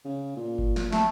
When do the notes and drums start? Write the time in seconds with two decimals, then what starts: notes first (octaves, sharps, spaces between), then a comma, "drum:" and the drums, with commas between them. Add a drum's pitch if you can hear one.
0.05 C#3
0.36 A#2
0.58 drum: kick G1
0.76 drum: snare
0.92 A3, drum: snare